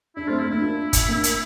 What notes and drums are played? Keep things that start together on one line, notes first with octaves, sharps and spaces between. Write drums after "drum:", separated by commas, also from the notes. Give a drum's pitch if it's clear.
D4 E4
A3 C4 F4
A3 C4 E4
A#3 D4 E4
D4 F4
drum: kick, hi-hat
A#3 D4
drum: hi-hat